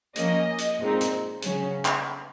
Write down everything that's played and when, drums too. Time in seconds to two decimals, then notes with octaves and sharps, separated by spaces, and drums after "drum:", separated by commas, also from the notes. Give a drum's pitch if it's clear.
0.16 F3 A#3 C#4 D#5, drum: hi-hat
0.58 drum: hi-hat
0.79 A#2 G#3 C4 D#4
1.01 drum: hi-hat
1.42 C#3 F#3 C#4, drum: hi-hat
1.85 drum: clap